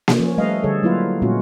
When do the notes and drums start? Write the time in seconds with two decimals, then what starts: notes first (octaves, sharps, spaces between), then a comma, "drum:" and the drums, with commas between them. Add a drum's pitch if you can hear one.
0.08 drum: snare A#3
0.19 F3 C#4
0.38 G3 A3 B4 D#5 F5
0.64 D3 G3 G#4 A4 C#5
0.83 F#3 A#3 E4 F4 B4 F5
1.22 A#2 G#3 B3 C#4 F4 F#4